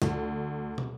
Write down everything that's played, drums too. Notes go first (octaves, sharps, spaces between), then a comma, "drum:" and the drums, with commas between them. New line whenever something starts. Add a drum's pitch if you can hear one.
D2, drum: snare
drum: tom